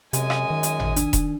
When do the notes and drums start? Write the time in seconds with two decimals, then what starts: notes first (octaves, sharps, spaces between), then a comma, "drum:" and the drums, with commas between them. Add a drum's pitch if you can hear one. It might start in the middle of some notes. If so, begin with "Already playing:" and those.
0.13 F#2 C3 G#3 G#5 D#6, drum: hi-hat
0.30 drum: rim click
0.50 D#3
0.63 drum: hi-hat
0.80 drum: tom G#1
0.96 D4, drum: hi-hat
1.13 drum: kick E1, hi-hat